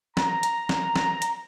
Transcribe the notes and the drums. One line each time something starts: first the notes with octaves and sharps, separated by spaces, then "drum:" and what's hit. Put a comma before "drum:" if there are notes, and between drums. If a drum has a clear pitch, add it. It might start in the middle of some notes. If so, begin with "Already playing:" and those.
A#5, drum: snare
drum: hi-hat
drum: snare
drum: snare
drum: hi-hat